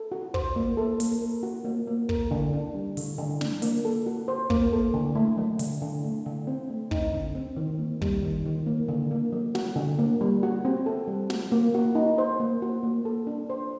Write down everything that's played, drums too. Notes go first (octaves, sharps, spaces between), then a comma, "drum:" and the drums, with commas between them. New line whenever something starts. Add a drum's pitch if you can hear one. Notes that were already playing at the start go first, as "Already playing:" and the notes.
Already playing: A4
F#4
C5, drum: kick
A#3
A4
A#3, drum: hi-hat
A#4
F#4
A#3
A#3
A#4, drum: kick
D3
D4
G3
D3, drum: open hi-hat
D3
D4, drum: snare
A#3, drum: hi-hat
A4
F#4
C5
A#3, drum: kick
A4
D3
A3
F#3
D3, drum: hi-hat
D3
A3
D3
C4
A3
D#4, drum: kick
D3
C4
D#3
A#3
G3, drum: kick
D#3
D#3
A#3
D3
A#3
F#3
F#4, drum: snare
D3
A#3
G3
F#4
C4
A4
G3
F#4, drum: snare
A#3
F#4
D#4
C5
A#3
F#4
A#3
A4
D4
C5